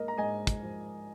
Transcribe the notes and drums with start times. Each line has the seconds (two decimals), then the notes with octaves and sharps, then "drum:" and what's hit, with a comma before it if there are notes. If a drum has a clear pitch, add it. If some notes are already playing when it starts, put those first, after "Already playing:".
Already playing: G#2 A#3 A#4 D#5
0.08 A#5
0.18 G#2 D#5 G#5
0.47 drum: kick, hi-hat
0.63 F3